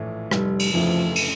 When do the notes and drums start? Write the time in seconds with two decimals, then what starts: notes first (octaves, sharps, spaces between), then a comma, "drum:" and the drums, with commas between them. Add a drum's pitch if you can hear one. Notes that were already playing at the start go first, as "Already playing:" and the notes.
Already playing: A#1 A2 E3
0.31 F1 G3, drum: rim click
0.59 drum: cymbal
0.74 F2 C#3 E3 F3 A3
1.16 drum: cymbal